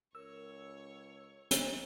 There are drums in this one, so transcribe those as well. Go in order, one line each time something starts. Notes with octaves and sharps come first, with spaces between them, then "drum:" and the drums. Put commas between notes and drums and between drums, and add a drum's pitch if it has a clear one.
C#2 A#4 C#5 E6
drum: hi-hat